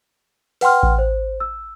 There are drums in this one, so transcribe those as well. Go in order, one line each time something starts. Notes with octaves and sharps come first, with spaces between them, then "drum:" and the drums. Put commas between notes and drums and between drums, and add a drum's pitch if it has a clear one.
B4 F#5 G5 C6 F6, drum: open hi-hat
drum: kick A1
C5
E6